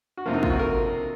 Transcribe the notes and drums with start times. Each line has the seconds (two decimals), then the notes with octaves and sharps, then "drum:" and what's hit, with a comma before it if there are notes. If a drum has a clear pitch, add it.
0.17 F#4
0.26 F2 C3 F3 A#3 F4
0.33 D#4
0.43 F4, drum: kick
0.50 F#4
0.59 A#4